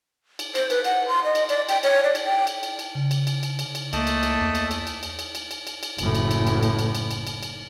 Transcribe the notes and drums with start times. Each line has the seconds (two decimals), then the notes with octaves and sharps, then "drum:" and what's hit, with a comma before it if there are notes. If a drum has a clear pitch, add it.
0.39 drum: cymbal
0.55 C5, drum: cymbal
0.70 B4, drum: cymbal
0.84 F#5, drum: cymbal
1.08 C6
1.24 D#5
1.35 drum: cymbal
1.49 D5, drum: cymbal
1.69 G5, drum: cymbal
1.83 C#5, drum: cymbal
2.04 D5
2.15 drum: cymbal
2.24 G5
2.47 drum: cymbal
2.63 drum: cymbal
2.79 drum: cymbal
2.95 C#3
3.11 drum: cymbal
3.27 drum: cymbal
3.43 drum: cymbal
3.59 drum: cymbal
3.75 drum: cymbal
3.93 C#2 A3 A#3 D#5 A5, drum: cymbal
4.07 drum: cymbal
4.23 drum: cymbal
4.41 E2
4.55 drum: cymbal
4.71 drum: cymbal
4.87 drum: cymbal
5.03 drum: cymbal
5.19 drum: cymbal
5.35 drum: cymbal
5.51 drum: cymbal
5.67 drum: cymbal
5.83 drum: cymbal
5.98 F#1 A2, drum: cymbal
6.15 drum: cymbal
6.31 drum: cymbal
6.47 drum: cymbal
6.63 drum: cymbal
6.79 drum: cymbal
6.95 drum: cymbal
7.11 drum: cymbal
7.27 drum: cymbal
7.43 drum: cymbal